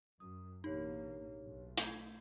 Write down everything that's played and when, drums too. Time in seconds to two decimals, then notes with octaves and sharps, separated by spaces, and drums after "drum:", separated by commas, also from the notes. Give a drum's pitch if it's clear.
0.20 F#2 D#6
0.64 A1 B2 A#3 D4 D#4 G4 C#5
1.45 B1
1.78 A3 G6 G#6, drum: hi-hat